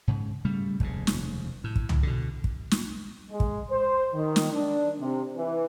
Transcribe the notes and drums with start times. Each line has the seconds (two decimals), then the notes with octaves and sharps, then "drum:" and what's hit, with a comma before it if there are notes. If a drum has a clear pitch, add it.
0.08 G#2 C#3
0.45 C#3 G3 A3
0.80 F1 D#2 C#3, drum: kick
1.07 drum: snare
1.64 A2
1.76 drum: kick
1.89 drum: tom
2.03 B2 D3
2.44 drum: kick
2.71 drum: snare
3.30 G#3
3.40 drum: kick
3.71 C5
4.14 D#3
4.36 drum: snare
4.52 D4
4.99 C3
5.35 E3